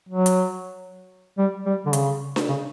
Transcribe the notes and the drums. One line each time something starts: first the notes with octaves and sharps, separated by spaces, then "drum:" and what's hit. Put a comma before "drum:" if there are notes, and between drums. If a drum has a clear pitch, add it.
F#3
drum: hi-hat
G3
G3
D3
C#3, drum: hi-hat
drum: snare D4
C#3